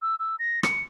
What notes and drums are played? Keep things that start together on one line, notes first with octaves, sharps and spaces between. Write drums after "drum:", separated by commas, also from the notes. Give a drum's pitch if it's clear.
E6
E6
A#6
C#7, drum: rim click